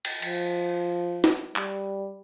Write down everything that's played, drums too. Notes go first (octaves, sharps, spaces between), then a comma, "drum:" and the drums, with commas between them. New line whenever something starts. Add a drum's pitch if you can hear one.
drum: cymbal
F3, drum: cymbal
drum: snare
G3, drum: clap